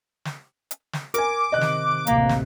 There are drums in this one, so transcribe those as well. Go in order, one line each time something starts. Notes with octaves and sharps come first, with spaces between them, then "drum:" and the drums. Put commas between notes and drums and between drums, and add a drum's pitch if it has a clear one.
drum: snare
drum: hi-hat
drum: snare
A#4 G#5 D6, drum: hi-hat
C3 D#3 D#5 F#6
drum: snare
A1 D2 C3 A#3, drum: hi-hat
drum: snare